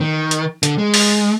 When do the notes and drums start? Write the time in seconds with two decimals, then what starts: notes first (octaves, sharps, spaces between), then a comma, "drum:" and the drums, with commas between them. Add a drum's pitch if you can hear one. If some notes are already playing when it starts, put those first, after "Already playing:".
0.01 D#3
0.31 drum: hi-hat
0.63 D3, drum: hi-hat
0.78 G#3
0.94 drum: open hi-hat